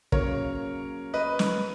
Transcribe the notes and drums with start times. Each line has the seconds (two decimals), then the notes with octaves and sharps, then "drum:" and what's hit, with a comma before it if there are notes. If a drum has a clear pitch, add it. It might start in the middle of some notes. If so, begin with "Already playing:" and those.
0.12 C#3 F#3 A#3 A#4 C#5, drum: kick
1.14 B4 D#5
1.39 drum: snare